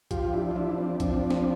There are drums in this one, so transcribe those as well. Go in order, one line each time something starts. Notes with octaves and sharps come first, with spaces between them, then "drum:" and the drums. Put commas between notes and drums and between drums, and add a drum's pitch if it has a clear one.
F3 F4 G4, drum: kick B1, hi-hat
D4 E4
F4
F3 D4 E4
C4 D4
F3 C4 D4, drum: kick B1, hi-hat
drum: snare